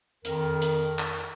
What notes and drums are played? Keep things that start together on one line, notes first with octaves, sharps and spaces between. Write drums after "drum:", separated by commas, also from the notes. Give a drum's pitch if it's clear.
F2 D#3 A#4, drum: hi-hat
drum: hi-hat
drum: clap